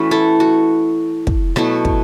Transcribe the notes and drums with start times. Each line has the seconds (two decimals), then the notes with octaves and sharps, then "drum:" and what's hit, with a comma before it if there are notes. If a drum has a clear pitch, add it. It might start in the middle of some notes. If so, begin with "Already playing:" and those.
Already playing: E3 A3 C#4 F#4 B4
0.11 E4 A4
0.40 F#4
1.27 drum: kick
1.56 B2 F#3 A3 E4, drum: rim click
1.85 drum: kick